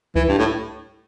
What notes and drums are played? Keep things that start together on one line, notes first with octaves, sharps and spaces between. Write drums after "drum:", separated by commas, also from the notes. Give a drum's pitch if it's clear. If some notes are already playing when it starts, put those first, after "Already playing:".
E3, drum: kick C#2
G2
A2